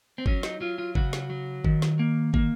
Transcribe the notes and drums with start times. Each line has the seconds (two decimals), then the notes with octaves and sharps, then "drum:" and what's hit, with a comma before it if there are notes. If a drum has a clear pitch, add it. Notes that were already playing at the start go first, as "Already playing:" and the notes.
0.18 C4
0.26 F#3 C#4, drum: kick
0.43 D#4, drum: snare
0.61 F#3 F4
0.78 F4
0.95 C#3 F#4, drum: kick
1.13 drum: snare
1.30 F#3
1.65 D#3, drum: kick
1.82 drum: snare
1.99 A#3
2.34 A#3, drum: kick